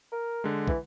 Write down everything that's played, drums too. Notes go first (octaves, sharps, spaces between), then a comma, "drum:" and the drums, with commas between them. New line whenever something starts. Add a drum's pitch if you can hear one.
A#4
D3 G#3
E3, drum: kick